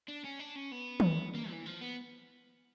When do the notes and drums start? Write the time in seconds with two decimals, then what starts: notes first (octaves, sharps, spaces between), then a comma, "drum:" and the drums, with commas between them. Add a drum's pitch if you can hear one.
0.08 D4
0.25 C#4
0.40 D4
0.56 C#4
0.72 B3
1.00 drum: tom
1.35 A#3
1.50 E3
1.66 F3
1.81 B3